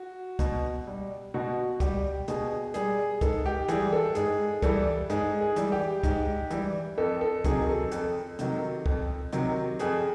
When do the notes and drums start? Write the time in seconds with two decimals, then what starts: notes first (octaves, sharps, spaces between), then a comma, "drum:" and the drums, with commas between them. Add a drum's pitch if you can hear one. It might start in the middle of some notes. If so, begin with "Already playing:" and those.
Already playing: F#4
0.39 B2, drum: kick, hi-hat
0.87 G3
1.34 B2 F#4
1.80 G3 G4, drum: kick, hi-hat
2.28 B2 G#4, drum: hi-hat
2.74 G3 G#4, drum: hi-hat
3.21 G#2 A4, drum: kick, hi-hat
3.46 G4
3.68 E3 G3 G#4, drum: hi-hat
3.92 A4
4.15 G#2 G#4, drum: hi-hat
4.62 E3 G3 A4, drum: kick, hi-hat
5.10 G#2 G#4, drum: hi-hat
5.41 G#4
5.56 E3 G3, drum: hi-hat
5.72 G4
6.03 G#2, drum: kick, hi-hat
6.50 E3 G3, drum: hi-hat
6.98 F2 A4
7.21 A4
7.44 C3 D#3 F#3 G#4, drum: kick, hi-hat
7.69 A4
7.92 F2, drum: hi-hat
8.39 C3 D#3 F#3, drum: hi-hat
8.86 F2, drum: kick
9.33 C3 D#3 F#3, drum: hi-hat
9.79 F2 G#4, drum: hi-hat